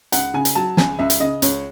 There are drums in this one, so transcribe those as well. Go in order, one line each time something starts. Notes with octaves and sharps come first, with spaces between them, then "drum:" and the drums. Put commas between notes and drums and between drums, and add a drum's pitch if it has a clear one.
C#2 F#5, drum: hi-hat
C#3 G#5
drum: hi-hat
F#3 A5
C#2 G#5, drum: snare
C#2 E5
drum: hi-hat
C#3 D#5
C#2 C#5, drum: hi-hat